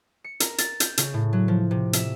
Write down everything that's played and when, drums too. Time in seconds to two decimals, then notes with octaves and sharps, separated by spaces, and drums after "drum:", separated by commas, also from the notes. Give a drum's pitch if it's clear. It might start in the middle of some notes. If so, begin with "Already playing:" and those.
0.24 C#7
0.40 A#4, drum: hi-hat
0.58 A6, drum: hi-hat
0.80 G6, drum: hi-hat
0.97 C#3, drum: hi-hat
1.14 A2
1.33 F#3
1.48 F3
1.71 C3
1.93 E5, drum: hi-hat